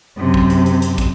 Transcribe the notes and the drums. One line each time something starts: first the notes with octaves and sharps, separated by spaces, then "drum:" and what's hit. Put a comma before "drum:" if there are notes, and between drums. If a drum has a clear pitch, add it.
F#2 C3
drum: kick
drum: hi-hat
drum: hi-hat
drum: hi-hat
drum: kick, hi-hat